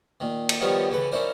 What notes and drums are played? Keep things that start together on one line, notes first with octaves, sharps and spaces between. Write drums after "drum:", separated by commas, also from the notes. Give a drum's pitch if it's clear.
A#2 D#3
drum: cymbal
D#3 F3 G3 B3 F4 C#5
C#3 E3 A4 B4
C#4 D#4 E4 A#4 C5 D5